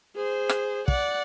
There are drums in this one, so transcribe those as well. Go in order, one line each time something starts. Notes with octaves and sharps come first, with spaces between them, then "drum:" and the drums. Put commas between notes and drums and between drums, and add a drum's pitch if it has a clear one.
G#4 C5
drum: rim click
D5 F#5, drum: kick